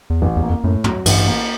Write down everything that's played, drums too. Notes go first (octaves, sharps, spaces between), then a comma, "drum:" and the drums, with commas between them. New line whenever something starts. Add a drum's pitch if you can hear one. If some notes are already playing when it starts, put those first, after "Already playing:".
E2
A1 F2
E2
A#3
F2
F#2 A2
F#3, drum: tom
A1 G2, drum: cymbal
A#3